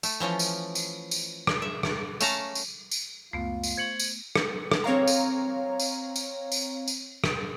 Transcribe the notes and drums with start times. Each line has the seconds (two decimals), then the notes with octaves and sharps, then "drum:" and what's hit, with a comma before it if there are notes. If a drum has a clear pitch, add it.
0.03 A3, drum: tambourine
0.20 E3 F3 C#4 F4
0.39 drum: tambourine
0.75 drum: tambourine
1.11 drum: tambourine
1.47 drum: rim click
1.62 E5
1.83 drum: rim click
2.21 A3 C#4 F5 A5 A#5, drum: tambourine
2.55 drum: tambourine
2.91 drum: tambourine
3.33 C#2 F#2 A3 B3 F4
3.63 drum: tambourine
3.77 C5 C#6 G#6 C#7 F#7
3.99 drum: tambourine
4.35 drum: rim click
4.72 drum: rim click
4.84 C4 C#5 F5 A#5
5.08 drum: tambourine
5.80 drum: tambourine
6.16 drum: tambourine
6.52 drum: tambourine
6.88 drum: tambourine
7.24 drum: rim click